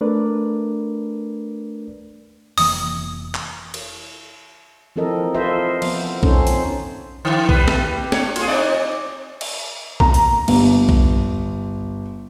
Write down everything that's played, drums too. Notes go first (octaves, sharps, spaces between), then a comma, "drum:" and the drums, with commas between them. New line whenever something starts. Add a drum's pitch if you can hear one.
A3 D4 A#4 B4 D5
F1 E3 A#3 D#6, drum: open hi-hat
drum: clap
drum: cymbal
E3 F3 C4 A4 A#4 D#5
F4 A4 B4 C5 D#5 E5
F3 B3, drum: cymbal
C4 C#4 D#4 A4 C5, drum: kick B1
drum: hi-hat
D3
G3 B4, drum: kick B1
drum: snare
D4 C#5, drum: snare
F4 G#4, drum: cymbal
C4 D#4 D5
drum: cymbal
A#5, drum: kick B1
drum: hi-hat
G1, drum: cymbal
drum: kick B1